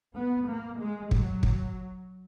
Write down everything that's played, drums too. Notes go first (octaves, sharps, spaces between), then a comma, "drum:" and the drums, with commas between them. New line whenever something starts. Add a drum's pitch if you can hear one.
B3
A#3
G#3
F#3, drum: kick
drum: kick